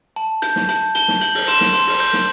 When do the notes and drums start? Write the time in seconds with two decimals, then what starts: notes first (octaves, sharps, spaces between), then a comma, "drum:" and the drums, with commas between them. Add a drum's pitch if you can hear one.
0.16 A5
0.42 G6, drum: hi-hat
0.56 drum: snare
0.69 A5, drum: hi-hat
0.95 A5 G7, drum: hi-hat
1.08 drum: snare
1.21 G6 F#7, drum: hi-hat
1.35 drum: open hi-hat
1.48 C6 E7, drum: hi-hat
1.61 drum: snare
1.73 C6, drum: hi-hat
1.87 drum: open hi-hat
2.00 G6
2.13 drum: snare